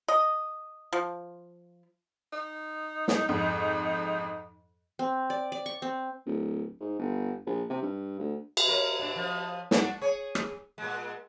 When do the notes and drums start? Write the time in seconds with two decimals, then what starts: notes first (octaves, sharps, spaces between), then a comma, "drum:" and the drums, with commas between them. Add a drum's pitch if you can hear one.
0.08 D#5
0.93 F3
2.33 D#4
3.08 drum: snare
3.29 F2 G#2
4.99 C4
5.30 D5
5.52 D5
5.66 C#6
5.82 C4
6.26 D1
6.80 G#2
6.99 G1
7.46 A#1
7.70 C3
7.82 G2
8.19 D2
8.57 drum: cymbal
8.68 C#4 A#4
9.00 A#2 D4
9.16 F3
9.71 D4 F#4, drum: snare
10.01 G#4 C#5
10.35 drum: rim click
10.78 A#2 G#3